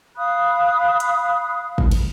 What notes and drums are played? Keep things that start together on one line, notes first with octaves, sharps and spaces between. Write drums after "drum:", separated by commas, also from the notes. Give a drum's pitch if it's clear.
F5 B5 D#6 F#6
drum: hi-hat
drum: kick
drum: cymbal